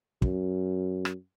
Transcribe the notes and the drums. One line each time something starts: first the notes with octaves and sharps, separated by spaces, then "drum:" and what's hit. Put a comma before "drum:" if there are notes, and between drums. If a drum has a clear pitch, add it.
F#2, drum: kick
drum: rim click